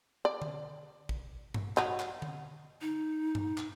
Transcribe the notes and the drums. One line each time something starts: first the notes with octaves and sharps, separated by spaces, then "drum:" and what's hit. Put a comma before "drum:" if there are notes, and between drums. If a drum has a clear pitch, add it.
D5
drum: tom D3
drum: kick
drum: tom G2
F#3 D#4, drum: clap
drum: clap
drum: tom D3
D#4
drum: tom G2
drum: clap